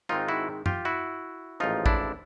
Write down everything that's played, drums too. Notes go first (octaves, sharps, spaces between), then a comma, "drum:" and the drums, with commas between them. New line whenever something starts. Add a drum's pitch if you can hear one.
G#2 D#3 G#3 C4 D#4 F4
E4 F#4
F4 G4, drum: tom F#2
E4 F#4
A1 G#2 F3 D#4 F4
D4 E4, drum: kick A1